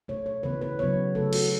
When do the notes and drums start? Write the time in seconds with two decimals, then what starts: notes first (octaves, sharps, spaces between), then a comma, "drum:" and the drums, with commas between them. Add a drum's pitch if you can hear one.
0.08 B2 A3 C#5
0.26 C#5
0.43 C#3 E3 B3 B4
0.61 B4
0.79 C#3 F#3 B3 C#5
1.15 C#3 A3 A4
1.33 F#4, drum: cymbal